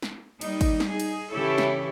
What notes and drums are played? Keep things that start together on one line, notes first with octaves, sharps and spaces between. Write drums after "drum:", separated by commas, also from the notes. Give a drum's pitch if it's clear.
drum: snare
G3 A#3 D#4, drum: cymbal
drum: kick, cymbal
drum: snare
D#4 G#4
drum: cymbal
C#3 E3 E4 G4 A4 C#5
drum: snare